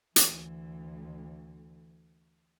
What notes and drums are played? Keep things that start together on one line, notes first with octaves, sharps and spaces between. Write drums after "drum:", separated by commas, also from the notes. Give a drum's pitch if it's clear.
D2 E3, drum: hi-hat